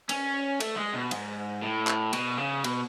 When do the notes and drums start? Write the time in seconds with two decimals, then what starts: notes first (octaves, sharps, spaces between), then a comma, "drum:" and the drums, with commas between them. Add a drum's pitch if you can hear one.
0.09 C#4, drum: cymbal
0.60 A3, drum: cymbal
0.76 G#3
0.93 B2
1.11 G#2, drum: cymbal
1.62 A2
1.87 drum: clap
2.13 B2, drum: cymbal
2.38 C#3
2.64 B2, drum: cymbal